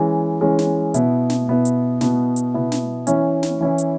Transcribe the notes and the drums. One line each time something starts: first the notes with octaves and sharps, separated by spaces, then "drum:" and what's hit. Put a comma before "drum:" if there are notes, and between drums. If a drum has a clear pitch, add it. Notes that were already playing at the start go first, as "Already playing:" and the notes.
Already playing: E3 G#3 C#4
E3 G#3 C#4
drum: snare
B2 B3 E4, drum: hi-hat
drum: snare
B2 B3 E4
drum: hi-hat
B2 B3 E4, drum: snare
drum: hi-hat
B2 B3 E4
drum: snare
E3 C#4 E4, drum: hi-hat
drum: snare
E3 C#4 E4
drum: hi-hat